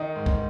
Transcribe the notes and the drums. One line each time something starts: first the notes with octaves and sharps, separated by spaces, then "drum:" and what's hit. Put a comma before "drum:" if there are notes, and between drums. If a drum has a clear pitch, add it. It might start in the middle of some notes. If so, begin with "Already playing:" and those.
Already playing: D#3 D#4
G#2
drum: kick B1